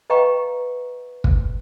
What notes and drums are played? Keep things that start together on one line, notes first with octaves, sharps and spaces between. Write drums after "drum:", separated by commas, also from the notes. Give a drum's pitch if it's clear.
B4 D#5 F5 G5 A#5 C#6
drum: kick